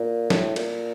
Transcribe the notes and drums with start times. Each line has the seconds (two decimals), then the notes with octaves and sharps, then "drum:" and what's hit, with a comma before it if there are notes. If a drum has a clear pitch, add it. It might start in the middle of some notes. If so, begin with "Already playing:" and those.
Already playing: A#2
0.30 A2, drum: snare
0.56 A#2, drum: cymbal